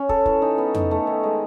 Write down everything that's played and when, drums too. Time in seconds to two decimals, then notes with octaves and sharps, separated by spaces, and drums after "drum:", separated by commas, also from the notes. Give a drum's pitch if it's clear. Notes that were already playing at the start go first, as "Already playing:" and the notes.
Already playing: C#4
0.09 A4, drum: kick
0.26 E3, drum: kick
0.42 D#4
0.58 B3
0.75 D#4, drum: tom F2
0.91 A3
1.07 D#3
1.24 G#3